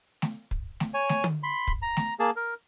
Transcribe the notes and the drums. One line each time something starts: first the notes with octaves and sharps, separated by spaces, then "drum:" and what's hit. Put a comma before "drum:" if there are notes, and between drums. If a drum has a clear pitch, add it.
drum: snare A3
drum: kick
drum: snare A3
C#5 G#5
drum: snare A3
drum: tom
B5 C6
drum: kick
A#5
drum: snare A3
A#3 G#4 A5
A#4